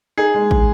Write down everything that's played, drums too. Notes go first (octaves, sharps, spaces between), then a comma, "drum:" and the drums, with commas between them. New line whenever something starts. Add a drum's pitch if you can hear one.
D#4 G#4
G#3
drum: kick